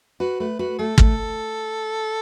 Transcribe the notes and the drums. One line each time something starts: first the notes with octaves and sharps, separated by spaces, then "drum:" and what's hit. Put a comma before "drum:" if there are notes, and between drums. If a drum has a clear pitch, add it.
F#4 B4
A3 B4
F#4 B4
A3 A4
A3, drum: kick